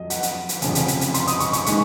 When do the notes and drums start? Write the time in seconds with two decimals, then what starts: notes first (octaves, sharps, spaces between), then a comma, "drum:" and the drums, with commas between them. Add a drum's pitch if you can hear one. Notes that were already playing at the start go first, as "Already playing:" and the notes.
Already playing: F2 F#3 D#5
0.10 F#5, drum: hi-hat
0.23 drum: hi-hat
0.49 drum: hi-hat
0.62 F1 F2 C#3, drum: hi-hat
0.75 drum: hi-hat
0.88 drum: hi-hat
1.01 drum: hi-hat
1.14 C6, drum: hi-hat
1.27 D#6, drum: hi-hat
1.40 C#6, drum: hi-hat
1.53 C#6, drum: hi-hat
1.66 D#3 G#3 C#6, drum: hi-hat